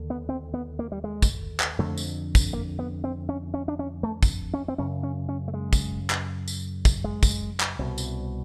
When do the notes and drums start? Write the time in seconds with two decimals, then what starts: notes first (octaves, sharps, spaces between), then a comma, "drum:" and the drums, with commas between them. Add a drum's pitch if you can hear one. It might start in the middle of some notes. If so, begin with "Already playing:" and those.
Already playing: D#2 D3
0.10 B3
0.29 C4
0.54 B3
0.79 A#3
0.92 G3
1.04 G#3
1.22 drum: kick, tambourine
1.60 drum: clap
1.78 F2 D3 A3
1.97 drum: tambourine
2.35 drum: kick, tambourine
2.53 A#3
2.79 B3
3.04 C4
3.29 C#4
3.54 C#4
3.68 D4
3.79 C#4
4.03 A3
4.23 drum: kick, tambourine
4.54 C#4
4.68 C4
4.78 F#2 C#3 C#4
5.03 C#4
5.29 C#4
5.48 A3
5.54 G#3
5.73 drum: kick, tambourine
6.10 drum: clap
6.48 drum: tambourine
6.85 drum: kick, tambourine
7.04 G#3
7.23 drum: kick, tambourine
7.60 drum: clap
7.79 C2 B2
7.98 drum: tambourine